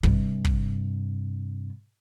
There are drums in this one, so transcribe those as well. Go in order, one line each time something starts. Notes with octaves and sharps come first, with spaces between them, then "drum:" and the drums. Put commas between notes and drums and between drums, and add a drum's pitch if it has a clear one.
G2 C3, drum: kick
drum: kick